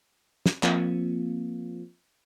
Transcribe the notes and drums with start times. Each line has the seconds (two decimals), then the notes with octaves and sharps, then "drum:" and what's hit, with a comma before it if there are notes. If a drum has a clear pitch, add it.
0.46 drum: snare
0.63 F3 A#3 C4 F4, drum: clap